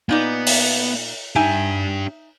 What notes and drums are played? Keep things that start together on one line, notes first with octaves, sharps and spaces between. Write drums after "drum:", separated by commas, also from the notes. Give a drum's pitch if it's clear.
A#2 B3 D#4 D5
drum: open hi-hat
D4 D#4 G4 E5 G#5